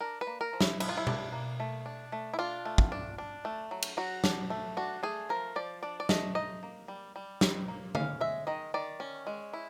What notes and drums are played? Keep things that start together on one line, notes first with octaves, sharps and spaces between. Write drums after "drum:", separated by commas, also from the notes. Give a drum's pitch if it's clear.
D4 A#4
B4
A#3
A#4
F3
E4, drum: snare
F3 E4, drum: cymbal
F4
E4
D4, drum: tom B2
A#3
A3
D4
A3
E4
D4 F4
A3
drum: kick
D4
D4
A3
F#3
drum: cymbal
F#3 F#4
D4, drum: snare
A3
D4 F#4
A3 G#4
F3 A#4
F3 D5
D4 D5
D5
A3 D#5, drum: snare
D#4 D#5
A#3
G3
G3
D#4, drum: snare
A#3
C#4 F5, drum: tom D3
G#3 E5
D#3 D#5
D#3 D5
C#4
G#3
E4